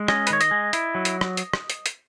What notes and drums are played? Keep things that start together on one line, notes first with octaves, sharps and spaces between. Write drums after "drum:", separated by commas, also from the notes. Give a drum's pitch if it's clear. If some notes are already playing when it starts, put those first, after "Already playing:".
Already playing: G#3
C#4 D#5, drum: rim click
B4, drum: hi-hat
D#3 C#5
D#5, drum: hi-hat
G#3
E4, drum: hi-hat
F#3
drum: hi-hat
drum: rim click
drum: hi-hat
drum: rim click
drum: hi-hat
drum: hi-hat